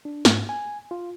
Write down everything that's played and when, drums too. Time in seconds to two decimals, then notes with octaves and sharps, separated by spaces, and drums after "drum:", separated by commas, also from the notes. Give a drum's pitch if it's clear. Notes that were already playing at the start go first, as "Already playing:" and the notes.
0.05 D4
0.25 G#2, drum: snare
0.49 G#5
0.91 F4